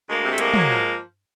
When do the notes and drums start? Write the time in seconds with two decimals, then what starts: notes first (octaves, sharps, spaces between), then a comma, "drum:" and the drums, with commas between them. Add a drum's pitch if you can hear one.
0.08 D2 G#3 A#3
0.24 C3
0.30 A3
0.38 A2 G#3 A#3, drum: hi-hat
0.54 F#3, drum: tom
0.69 F3